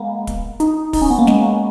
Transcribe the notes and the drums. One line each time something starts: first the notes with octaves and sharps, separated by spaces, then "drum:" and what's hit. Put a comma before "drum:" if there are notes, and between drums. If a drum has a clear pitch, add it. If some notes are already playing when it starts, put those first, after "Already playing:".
Already playing: G#3 A#3 B3
drum: kick, hi-hat
D#4, drum: hi-hat
D#4, drum: kick, open hi-hat
C#4
B3
A#3
G#3, drum: snare